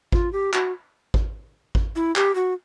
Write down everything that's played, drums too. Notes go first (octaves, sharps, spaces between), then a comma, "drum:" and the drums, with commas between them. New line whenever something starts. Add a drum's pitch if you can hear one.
F4, drum: kick G#1
G4
F#4, drum: clap
drum: kick G#1
drum: kick G#1
E4
G4, drum: clap
F#4